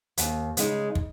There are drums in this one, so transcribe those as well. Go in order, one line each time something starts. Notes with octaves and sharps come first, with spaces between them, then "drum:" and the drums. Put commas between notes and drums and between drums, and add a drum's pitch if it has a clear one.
D#2, drum: hi-hat
C#3 G#3 D#4, drum: hi-hat
drum: kick